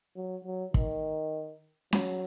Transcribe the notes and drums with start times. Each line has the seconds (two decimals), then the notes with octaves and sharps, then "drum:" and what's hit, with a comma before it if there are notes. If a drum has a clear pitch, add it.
0.16 F#3
0.45 F#3
0.74 D#3, drum: kick
1.93 F#3, drum: snare C#4